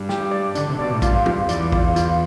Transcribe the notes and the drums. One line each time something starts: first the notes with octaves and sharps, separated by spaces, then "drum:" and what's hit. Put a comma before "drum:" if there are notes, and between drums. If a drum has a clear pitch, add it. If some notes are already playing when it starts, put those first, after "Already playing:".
Already playing: G2
G4, drum: snare
D5
D3 D4, drum: hi-hat
C3
B2 D5
A2
G2 F4, drum: kick A#1, hi-hat
F4, drum: tom
E2 D5, drum: hi-hat
F4, drum: kick A#1
F4, drum: hi-hat